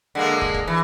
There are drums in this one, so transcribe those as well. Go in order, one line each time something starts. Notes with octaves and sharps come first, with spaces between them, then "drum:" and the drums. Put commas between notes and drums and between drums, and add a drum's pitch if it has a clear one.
D3 G#3 A#3
drum: kick
drum: kick
E3